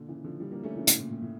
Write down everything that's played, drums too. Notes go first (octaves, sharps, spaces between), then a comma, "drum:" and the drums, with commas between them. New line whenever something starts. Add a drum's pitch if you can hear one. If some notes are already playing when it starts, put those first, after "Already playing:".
Already playing: A#2 D3
C#3 E3
D3 F3
E3 G3
G3 A#3
A3 C#4
C#3 E3
A2 C#3, drum: hi-hat
A#2
A2
A2